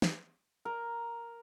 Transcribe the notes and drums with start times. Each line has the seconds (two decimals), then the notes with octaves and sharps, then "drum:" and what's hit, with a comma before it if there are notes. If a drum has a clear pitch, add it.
0.02 drum: snare
0.65 A#4